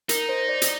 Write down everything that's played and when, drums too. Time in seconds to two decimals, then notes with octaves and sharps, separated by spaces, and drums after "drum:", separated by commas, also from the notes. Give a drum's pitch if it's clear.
0.09 D#4 A#4, drum: hi-hat
0.29 C5
0.49 D5
0.62 drum: hi-hat